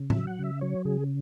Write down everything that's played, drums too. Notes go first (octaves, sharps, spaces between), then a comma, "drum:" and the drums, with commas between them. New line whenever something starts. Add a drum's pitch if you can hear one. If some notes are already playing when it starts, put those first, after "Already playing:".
Already playing: C#3
E5, drum: tom A2
F#3
F#5
C#3 E5
F#3 C#5
C#3 G#4